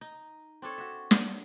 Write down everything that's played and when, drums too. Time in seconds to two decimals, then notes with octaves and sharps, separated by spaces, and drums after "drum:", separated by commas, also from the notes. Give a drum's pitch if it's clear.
0.01 D#4
0.62 C4 D4 A4 C#5
0.78 F#4 E5
1.11 drum: snare